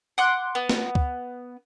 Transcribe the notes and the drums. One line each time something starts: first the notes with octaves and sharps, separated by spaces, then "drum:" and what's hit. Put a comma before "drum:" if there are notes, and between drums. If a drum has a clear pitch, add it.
F#5 C6 D6 F#6
B3
drum: snare
drum: kick C#2